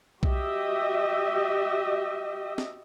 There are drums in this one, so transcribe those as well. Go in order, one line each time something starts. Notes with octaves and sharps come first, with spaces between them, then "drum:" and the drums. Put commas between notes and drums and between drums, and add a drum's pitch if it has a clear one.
F#4 G4 D#5 E5, drum: kick B1
drum: snare